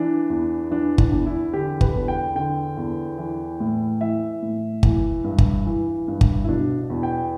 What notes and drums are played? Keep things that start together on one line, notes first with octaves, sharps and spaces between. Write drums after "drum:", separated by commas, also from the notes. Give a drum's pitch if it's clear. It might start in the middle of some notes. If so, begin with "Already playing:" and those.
Already playing: E3 D4
E2
E3 D4
D4, drum: kick G1
E2
E4
D3 G4
B4, drum: kick G1
E2
G5
D3 G5
E2
E3
A2
E3 E5
A2
E3, drum: kick G1
G2
drum: kick G1
E3
G2
drum: kick G1
E4
B2 D4
E2
G5